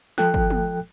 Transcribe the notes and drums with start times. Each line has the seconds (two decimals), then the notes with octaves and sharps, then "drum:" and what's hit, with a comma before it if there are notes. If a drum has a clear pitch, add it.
0.18 F3 A4 G5 F#6, drum: snare
0.34 drum: kick
0.50 drum: tom